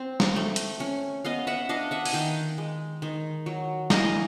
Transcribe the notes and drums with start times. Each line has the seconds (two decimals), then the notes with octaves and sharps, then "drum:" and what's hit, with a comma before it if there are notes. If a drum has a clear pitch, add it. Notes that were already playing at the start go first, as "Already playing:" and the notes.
Already playing: C4
0.20 drum: snare
0.36 A3
0.56 drum: hi-hat
0.80 C#4
1.25 B3 D#5 F5
1.47 E5 F#5
1.69 D4 D#5 F5
1.91 E5 F#5
2.05 G#5, drum: open hi-hat
2.13 D#3 F5 G5
2.58 G#3
3.02 D#3
3.46 F#3
3.90 E3 D#5 F5, drum: snare